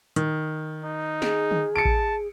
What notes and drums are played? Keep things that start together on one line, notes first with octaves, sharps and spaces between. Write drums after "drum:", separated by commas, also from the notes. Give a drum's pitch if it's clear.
D#3, drum: hi-hat
D#4
G#4, drum: snare
drum: tom D3
A5 C#7 D7
drum: kick A1